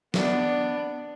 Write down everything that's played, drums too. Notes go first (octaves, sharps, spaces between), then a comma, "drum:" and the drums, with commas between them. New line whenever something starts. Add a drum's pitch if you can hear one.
B3 D4, drum: snare